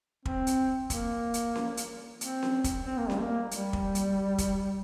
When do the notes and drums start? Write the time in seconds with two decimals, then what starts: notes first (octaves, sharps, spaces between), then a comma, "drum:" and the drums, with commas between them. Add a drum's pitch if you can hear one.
0.25 C4, drum: kick
0.47 drum: hi-hat
0.90 A#3, drum: kick, hi-hat
1.34 drum: hi-hat
1.55 drum: snare C#4
1.77 drum: hi-hat
2.21 C4, drum: hi-hat
2.43 drum: snare C#4
2.64 drum: kick, hi-hat
2.86 C4
2.97 A#3
3.10 G3, drum: snare C#4
3.21 A#3
3.51 G3, drum: hi-hat
3.73 drum: kick
3.95 drum: hi-hat
4.38 drum: kick, hi-hat